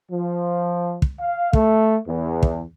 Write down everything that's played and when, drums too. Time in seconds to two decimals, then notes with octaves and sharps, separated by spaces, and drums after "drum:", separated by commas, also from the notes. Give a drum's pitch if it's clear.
0.11 F3
1.02 drum: kick
1.20 F5
1.53 A3, drum: kick
2.07 E2
2.43 drum: kick